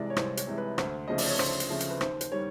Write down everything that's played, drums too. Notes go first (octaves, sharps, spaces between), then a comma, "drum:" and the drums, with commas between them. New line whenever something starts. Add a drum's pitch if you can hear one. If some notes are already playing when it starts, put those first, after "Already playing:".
Already playing: C2 C3 E3 G#3 D5
C#5
C2 C5, drum: rim click
C#5, drum: hi-hat
C3 E3 G#3
B4
D2 C5, drum: rim click
C#3 F3 A3 C4 D#5
D5, drum: open hi-hat
C#5
D2 C5, drum: rim click
drum: hi-hat
C#3 F3 A3 C4
drum: hi-hat
B4
D#2 C5, drum: rim click
C5, drum: hi-hat
D#3 G3 C#5